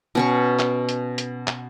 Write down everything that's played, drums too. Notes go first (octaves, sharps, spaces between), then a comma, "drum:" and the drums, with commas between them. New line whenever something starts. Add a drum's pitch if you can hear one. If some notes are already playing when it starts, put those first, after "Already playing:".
B2 C#4 C#6
drum: clap
drum: hi-hat
drum: hi-hat
drum: clap